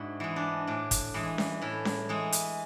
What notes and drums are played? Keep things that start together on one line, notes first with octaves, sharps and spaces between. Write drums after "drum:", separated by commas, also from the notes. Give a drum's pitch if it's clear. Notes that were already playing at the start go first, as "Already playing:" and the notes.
Already playing: G#2 D4 E4 F#4
E3 G#3
D4
A2 D4
drum: kick, hi-hat
E3 G#3
drum: snare C#4
A2 E4
drum: snare C#4
E3 G#3
drum: hi-hat